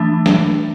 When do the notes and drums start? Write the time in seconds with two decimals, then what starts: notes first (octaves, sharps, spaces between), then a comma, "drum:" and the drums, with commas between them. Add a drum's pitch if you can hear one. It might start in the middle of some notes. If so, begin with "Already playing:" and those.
Already playing: E3 A3 D4
0.26 drum: snare